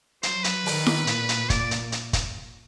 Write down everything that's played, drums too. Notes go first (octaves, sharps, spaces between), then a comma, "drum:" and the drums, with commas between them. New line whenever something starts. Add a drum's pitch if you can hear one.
F#3 C5, drum: hi-hat
B4, drum: hi-hat
D#3, drum: open hi-hat
drum: snare E4
A#2, drum: hi-hat
drum: hi-hat
D5, drum: kick, hi-hat
drum: hi-hat
drum: hi-hat
drum: kick, hi-hat